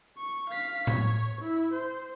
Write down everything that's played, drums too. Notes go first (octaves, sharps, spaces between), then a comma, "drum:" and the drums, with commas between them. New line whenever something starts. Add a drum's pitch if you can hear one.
C#6
F5 B6
C#5, drum: tom A2
E4
C5